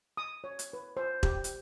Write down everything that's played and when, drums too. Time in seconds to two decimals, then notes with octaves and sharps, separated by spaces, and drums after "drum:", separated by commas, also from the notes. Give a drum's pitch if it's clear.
0.17 D#6
0.44 C#5
0.59 drum: hi-hat
0.73 B4
0.97 C5
1.23 G4, drum: kick E1
1.44 drum: hi-hat